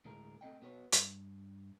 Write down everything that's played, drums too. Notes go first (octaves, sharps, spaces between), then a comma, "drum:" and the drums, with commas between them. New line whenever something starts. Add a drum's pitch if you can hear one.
D2 A2 G#3 A#4
A3 C4 D#5 G5
B3 F#4 B4 C#5
G2, drum: hi-hat